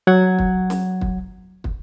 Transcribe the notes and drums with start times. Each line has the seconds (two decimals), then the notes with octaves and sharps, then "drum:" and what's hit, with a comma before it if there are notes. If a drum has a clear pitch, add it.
0.07 F#3 F#5 G#6
0.39 drum: kick
0.70 drum: snare C#4
1.01 drum: kick
1.64 drum: kick